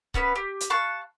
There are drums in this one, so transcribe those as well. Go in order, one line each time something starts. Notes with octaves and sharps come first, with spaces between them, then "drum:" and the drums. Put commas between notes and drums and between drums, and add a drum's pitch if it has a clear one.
B3 C#4 B4 E6, drum: kick C#1
G4
drum: hi-hat
F5 A5 C#6 F#6